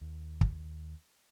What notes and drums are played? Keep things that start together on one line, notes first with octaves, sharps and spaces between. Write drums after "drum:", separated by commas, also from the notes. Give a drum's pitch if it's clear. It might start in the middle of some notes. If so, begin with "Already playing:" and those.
D#2
drum: kick